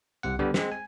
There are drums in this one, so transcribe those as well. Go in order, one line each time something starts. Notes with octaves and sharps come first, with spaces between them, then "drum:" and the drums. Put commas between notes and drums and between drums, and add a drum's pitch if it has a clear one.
C2 C3 F#5
D3 G3 B3
G#3 C4, drum: snare
G#5